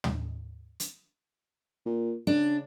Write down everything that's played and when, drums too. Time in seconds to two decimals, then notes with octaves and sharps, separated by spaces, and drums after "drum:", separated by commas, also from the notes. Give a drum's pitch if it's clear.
0.04 drum: tom
0.80 drum: hi-hat
1.86 A#2
2.27 C#3 D4